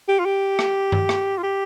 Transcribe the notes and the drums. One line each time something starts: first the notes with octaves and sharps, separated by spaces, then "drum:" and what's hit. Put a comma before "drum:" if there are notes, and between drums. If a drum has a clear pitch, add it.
G4
F4
G4
drum: rim click
drum: tom G2
drum: rim click
F4
G4